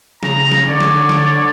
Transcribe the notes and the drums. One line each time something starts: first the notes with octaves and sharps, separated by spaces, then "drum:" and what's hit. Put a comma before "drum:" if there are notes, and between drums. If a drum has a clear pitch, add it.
C#3 A#5, drum: snare
drum: snare
D3 C#5 D5
drum: snare
drum: snare